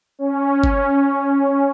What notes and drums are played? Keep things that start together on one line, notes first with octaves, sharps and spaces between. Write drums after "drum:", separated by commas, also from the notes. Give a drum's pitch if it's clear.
C#4
drum: kick G1